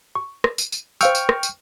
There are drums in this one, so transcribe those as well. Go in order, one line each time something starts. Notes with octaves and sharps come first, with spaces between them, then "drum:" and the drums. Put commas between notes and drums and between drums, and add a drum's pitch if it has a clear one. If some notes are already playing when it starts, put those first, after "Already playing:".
C#6
drum: rim click
drum: tambourine
drum: tambourine
C5 F5 G5 C#6 E6 F6, drum: tambourine
drum: tambourine
drum: rim click
drum: tambourine